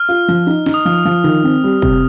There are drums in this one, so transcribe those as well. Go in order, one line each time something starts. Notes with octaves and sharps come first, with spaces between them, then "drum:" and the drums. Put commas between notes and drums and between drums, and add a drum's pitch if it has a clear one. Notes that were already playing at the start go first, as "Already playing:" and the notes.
Already playing: F6
F4
F3
D#4
D#4, drum: snare
D#6
F3 F6
F3
D#3
C4
G3
C3, drum: kick